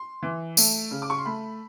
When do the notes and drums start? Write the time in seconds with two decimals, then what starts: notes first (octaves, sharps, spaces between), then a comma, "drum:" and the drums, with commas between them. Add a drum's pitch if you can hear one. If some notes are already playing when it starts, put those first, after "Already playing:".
Already playing: C6
0.23 E3
0.57 A3, drum: tambourine
0.91 C#3
1.02 D6
1.10 C#6
1.18 C6
1.25 A3 B5